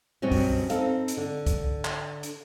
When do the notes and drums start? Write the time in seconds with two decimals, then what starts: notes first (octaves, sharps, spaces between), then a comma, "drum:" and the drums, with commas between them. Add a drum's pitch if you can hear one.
0.22 G2 B2 F#3 C4 C#4
0.31 drum: kick, open hi-hat
0.70 C4 D#4 A4 F5, drum: hi-hat
1.08 drum: hi-hat
1.17 D3
1.46 drum: kick, hi-hat
1.85 drum: clap
2.23 drum: hi-hat